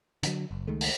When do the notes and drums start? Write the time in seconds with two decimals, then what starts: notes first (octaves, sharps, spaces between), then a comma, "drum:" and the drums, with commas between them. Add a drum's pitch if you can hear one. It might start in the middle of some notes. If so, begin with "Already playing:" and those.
0.23 D3 D#3 F#3, drum: hi-hat
0.51 F#1
0.68 C#2 D#3 G#3 A3
0.81 drum: open hi-hat